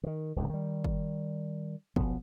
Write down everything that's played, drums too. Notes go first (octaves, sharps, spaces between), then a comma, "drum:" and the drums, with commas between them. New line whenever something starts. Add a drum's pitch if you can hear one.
D3 D#3
D1 C#2 G#2
D#3 G3
drum: kick
B1 F2 F3 B3, drum: kick